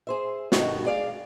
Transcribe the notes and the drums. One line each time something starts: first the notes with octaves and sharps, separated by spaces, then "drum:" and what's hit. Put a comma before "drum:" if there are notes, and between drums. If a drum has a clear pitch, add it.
G#4 C5 E5
G2 B2 D#3 A3 F#4, drum: snare
G#4 D5 F5